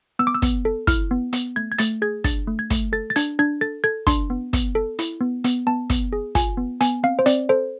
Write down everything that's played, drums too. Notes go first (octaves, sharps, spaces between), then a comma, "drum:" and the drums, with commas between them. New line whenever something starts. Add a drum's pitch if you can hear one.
B3 E6
D6
E6
B3, drum: kick, hi-hat
A4
E4 F6, drum: kick, hi-hat
B3
B3, drum: hi-hat
A3 G#6
G#6
A3 A6, drum: hi-hat
G#4 G#6
D4 A6, drum: kick, hi-hat
A3
G#6
A3, drum: kick, hi-hat
A4 A6
A6
D4 G#6, drum: hi-hat
D4 G#6
A4 A6
A4 G#6
D4 C6, drum: kick, hi-hat
B3
B3, drum: kick, hi-hat
A4
E4, drum: hi-hat
B3
B3, drum: hi-hat
B3 A5
B3, drum: kick, hi-hat
G#4
F4 G#5, drum: kick, hi-hat
B3
B3 G#5, drum: hi-hat
C4 F5
C5
C4 D5, drum: hi-hat
A4 C5